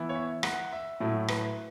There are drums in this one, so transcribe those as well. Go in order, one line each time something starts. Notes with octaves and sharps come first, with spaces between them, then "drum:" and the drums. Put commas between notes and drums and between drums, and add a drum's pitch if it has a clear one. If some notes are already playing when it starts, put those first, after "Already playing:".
Already playing: E3 B3 E4
C#5
E5
F#5, drum: rim click
E5
A2 F#3 A3 E4
B4, drum: rim click